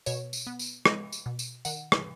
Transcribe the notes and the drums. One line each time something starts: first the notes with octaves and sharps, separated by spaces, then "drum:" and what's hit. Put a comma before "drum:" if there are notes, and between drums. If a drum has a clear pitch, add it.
B2 C#5, drum: tambourine
drum: tambourine
B3
drum: tambourine
G#3 D#5, drum: rim click
drum: tambourine
B2
drum: tambourine
D#3 F#5, drum: tambourine
drum: rim click